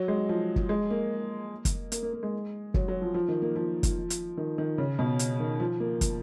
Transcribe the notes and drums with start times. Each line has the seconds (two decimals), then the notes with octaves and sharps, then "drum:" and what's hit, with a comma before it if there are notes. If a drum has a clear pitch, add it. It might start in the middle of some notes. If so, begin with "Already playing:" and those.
Already playing: F#3
0.08 G#3
0.29 F3
0.56 drum: kick
0.69 G#3
0.90 A#3
1.65 drum: kick, hi-hat
1.92 A#3, drum: hi-hat
2.03 A#3
2.13 A#3
2.23 G#3
2.74 F#3, drum: kick
2.88 F#3
3.02 F3
3.14 F3
3.28 D#3
3.42 A#3
3.56 F3
3.83 drum: kick, hi-hat
4.10 drum: hi-hat
4.37 D#3
4.58 D#3
4.78 C#3
4.99 B2
5.19 drum: hi-hat
5.39 D#3
5.60 F3
5.80 A#3
6.01 drum: kick, hi-hat